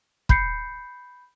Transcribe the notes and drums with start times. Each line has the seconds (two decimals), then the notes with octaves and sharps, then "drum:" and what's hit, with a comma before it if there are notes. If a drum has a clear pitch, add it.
0.29 B5 G6 C7 C#7, drum: kick